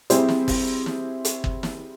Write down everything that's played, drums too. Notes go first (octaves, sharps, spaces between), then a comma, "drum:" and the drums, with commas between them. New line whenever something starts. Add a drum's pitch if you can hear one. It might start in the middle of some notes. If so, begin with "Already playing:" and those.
G3 C4 E4 G#4 C5, drum: hi-hat
drum: snare
drum: kick, open hi-hat
drum: snare
drum: hi-hat
drum: kick
drum: snare